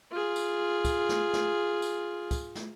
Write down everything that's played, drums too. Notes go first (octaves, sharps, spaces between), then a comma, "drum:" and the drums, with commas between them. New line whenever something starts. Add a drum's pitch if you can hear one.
F4 G#4
drum: tambourine
drum: kick, tambourine
drum: snare
drum: snare
drum: tambourine
drum: kick, tambourine
drum: snare